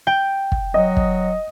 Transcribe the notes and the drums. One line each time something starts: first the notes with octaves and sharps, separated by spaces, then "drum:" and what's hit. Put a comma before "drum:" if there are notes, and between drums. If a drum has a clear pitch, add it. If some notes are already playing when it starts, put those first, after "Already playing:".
G5
drum: kick
F#3 D#5
drum: kick